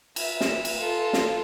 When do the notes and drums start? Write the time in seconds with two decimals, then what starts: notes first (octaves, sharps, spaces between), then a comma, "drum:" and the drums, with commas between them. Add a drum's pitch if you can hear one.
0.16 E5, drum: cymbal
0.41 drum: snare
0.65 drum: cymbal
0.77 F4 A4
1.13 drum: snare